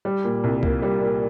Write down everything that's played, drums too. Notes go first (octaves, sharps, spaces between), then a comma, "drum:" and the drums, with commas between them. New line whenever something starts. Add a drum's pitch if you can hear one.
G3
A#2
C2
A#3, drum: kick C2
G3
A#2